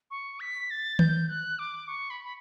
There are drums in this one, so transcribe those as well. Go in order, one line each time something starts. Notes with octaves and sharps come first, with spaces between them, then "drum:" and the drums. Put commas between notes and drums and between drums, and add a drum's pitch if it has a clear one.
C#6
B6
A6
G6, drum: tom D#3
F#6
D6
C#6
B5
B5